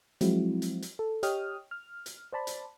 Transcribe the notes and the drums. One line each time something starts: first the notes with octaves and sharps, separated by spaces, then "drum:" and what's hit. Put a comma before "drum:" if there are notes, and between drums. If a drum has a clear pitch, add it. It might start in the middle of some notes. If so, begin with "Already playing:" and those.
F3 F#3 G#3 C4 E4 F#4, drum: hi-hat
drum: hi-hat
drum: hi-hat
A4
G4 C#5 D#5 G5 D#6 F6, drum: hi-hat
F6
drum: hi-hat
C5 D5 A5 B5
drum: hi-hat